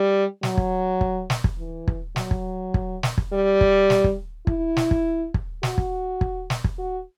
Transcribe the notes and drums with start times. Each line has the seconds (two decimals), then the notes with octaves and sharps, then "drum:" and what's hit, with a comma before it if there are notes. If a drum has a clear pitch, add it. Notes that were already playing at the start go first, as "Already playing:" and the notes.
Already playing: G3
0.43 F#3, drum: snare
0.57 drum: kick
1.01 drum: kick
1.30 drum: snare
1.44 drum: kick
1.58 E3
1.88 drum: kick
2.16 F#3, drum: snare
2.31 drum: kick
2.74 drum: kick
3.03 drum: snare
3.18 drum: kick
3.33 G3
3.61 drum: kick
3.90 drum: snare
4.04 drum: kick
4.47 E4, drum: kick
4.77 drum: snare
4.91 drum: kick
5.34 drum: kick
5.63 F#4, drum: snare
5.78 drum: kick
6.21 drum: kick
6.50 drum: snare
6.64 drum: kick
6.78 F#4